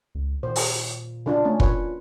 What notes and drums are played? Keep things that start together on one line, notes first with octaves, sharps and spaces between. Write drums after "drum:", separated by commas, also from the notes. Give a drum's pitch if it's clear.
C#2
A#2 D#3 C5
drum: open hi-hat
C#3 D4 F4
A3 C#4
A#3 F4 B4 C#5, drum: kick